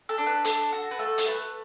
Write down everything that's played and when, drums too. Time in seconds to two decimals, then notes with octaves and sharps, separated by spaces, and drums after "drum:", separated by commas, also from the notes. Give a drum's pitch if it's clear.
0.09 A4
0.18 D4
0.27 B4
0.45 A4, drum: hi-hat
0.73 F#4
0.91 B4
0.99 A3 A4
1.18 drum: hi-hat
1.27 A3 B4